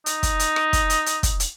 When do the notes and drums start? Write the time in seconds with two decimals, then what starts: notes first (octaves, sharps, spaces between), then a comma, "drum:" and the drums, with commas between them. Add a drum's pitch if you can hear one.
0.06 D#4, drum: hi-hat
0.23 drum: kick, hi-hat
0.39 drum: hi-hat
0.56 drum: rim click
0.73 drum: kick, hi-hat
0.90 drum: hi-hat
1.06 drum: hi-hat
1.23 drum: kick, hi-hat
1.40 drum: hi-hat